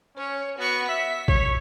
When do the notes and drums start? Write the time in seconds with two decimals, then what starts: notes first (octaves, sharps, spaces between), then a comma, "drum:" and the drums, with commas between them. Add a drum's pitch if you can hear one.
0.17 C#4 C#5
0.59 B3 F#4 C#6
0.89 E5 B6
1.28 C#5, drum: kick